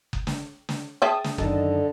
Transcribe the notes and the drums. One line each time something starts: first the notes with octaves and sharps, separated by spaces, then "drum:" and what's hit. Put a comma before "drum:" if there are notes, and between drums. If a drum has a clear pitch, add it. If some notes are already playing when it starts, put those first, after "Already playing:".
drum: kick F#1
drum: snare
drum: snare
G#4 E5 G5 A5 D#6
drum: snare
F#2 D3 D#3 A4 D#5 A5, drum: kick F#1